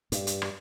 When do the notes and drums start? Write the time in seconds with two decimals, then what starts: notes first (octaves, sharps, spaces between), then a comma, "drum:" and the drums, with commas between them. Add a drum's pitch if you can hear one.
0.12 G2, drum: hi-hat
0.27 drum: hi-hat
0.42 drum: rim click